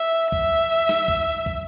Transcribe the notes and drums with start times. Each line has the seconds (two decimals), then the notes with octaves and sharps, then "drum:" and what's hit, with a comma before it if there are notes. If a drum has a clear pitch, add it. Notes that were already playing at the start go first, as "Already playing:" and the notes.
Already playing: E5
0.32 E5, drum: kick
0.89 drum: snare
1.08 drum: kick
1.46 drum: kick